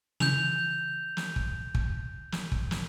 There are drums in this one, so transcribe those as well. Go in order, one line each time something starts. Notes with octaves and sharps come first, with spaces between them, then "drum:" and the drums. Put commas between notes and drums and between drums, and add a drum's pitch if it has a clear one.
C#3 E3 G6 F7, drum: snare
drum: snare
drum: kick
drum: kick
drum: snare
drum: kick
drum: snare